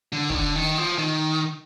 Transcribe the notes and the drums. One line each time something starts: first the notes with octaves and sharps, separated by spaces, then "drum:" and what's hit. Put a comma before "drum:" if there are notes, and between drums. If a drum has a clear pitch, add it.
D3
D#3, drum: kick
D3
D#3
F3
D#3